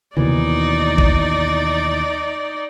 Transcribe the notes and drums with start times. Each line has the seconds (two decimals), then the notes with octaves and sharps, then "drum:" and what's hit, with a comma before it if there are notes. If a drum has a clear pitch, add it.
0.17 D#2 B2 E3 D#4 D5, drum: tom C3
0.98 drum: kick G#1